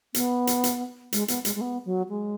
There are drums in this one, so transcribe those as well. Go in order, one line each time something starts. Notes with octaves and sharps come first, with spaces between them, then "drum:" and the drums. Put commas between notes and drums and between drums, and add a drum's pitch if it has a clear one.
B3, drum: hi-hat
drum: hi-hat
drum: hi-hat
G#3, drum: hi-hat
B3, drum: hi-hat
G#3, drum: hi-hat
G#3
B3
F#3
G#3